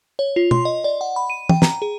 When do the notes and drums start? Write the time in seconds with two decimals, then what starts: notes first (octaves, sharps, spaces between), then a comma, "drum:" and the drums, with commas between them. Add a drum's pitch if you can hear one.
0.19 C#5
0.36 F4
0.51 C6, drum: tom
0.65 D#5
0.84 D5
1.01 F#5
1.16 B5
1.30 D#7
1.49 G5, drum: tom
1.62 A#5, drum: snare
1.82 G#4